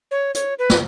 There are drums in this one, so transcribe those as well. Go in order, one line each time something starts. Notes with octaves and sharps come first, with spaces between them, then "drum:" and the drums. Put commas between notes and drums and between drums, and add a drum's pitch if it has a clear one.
C#5
C#5, drum: hi-hat
B4
drum: snare